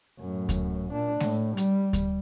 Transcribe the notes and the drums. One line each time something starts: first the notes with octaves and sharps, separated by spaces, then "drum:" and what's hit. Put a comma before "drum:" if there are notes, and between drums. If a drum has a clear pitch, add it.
F#2 A2
drum: kick D2, hi-hat
A#2 D4
A2, drum: snare G#3
G3, drum: hi-hat
drum: kick D2, hi-hat